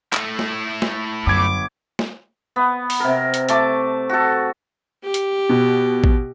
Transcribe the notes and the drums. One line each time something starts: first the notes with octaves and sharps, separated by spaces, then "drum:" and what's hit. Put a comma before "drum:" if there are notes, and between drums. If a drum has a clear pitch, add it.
A3 E4, drum: clap
drum: snare
drum: snare
G1 F#2 B5 D6 G#6
drum: snare
B3
drum: open hi-hat
C3 A#4
drum: hi-hat
A3 A5 D6, drum: hi-hat
F#4 A4
G4
drum: hi-hat
B2
drum: kick